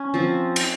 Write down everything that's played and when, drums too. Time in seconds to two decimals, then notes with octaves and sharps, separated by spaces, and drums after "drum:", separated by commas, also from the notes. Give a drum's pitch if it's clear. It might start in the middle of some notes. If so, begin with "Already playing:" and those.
Already playing: C#4
0.14 F3 C4
0.56 drum: cymbal